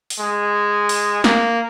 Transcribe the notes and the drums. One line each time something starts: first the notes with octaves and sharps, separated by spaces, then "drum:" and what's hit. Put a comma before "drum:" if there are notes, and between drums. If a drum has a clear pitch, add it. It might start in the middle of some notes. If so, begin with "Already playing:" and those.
drum: open hi-hat
G#3
drum: open hi-hat
A#3, drum: snare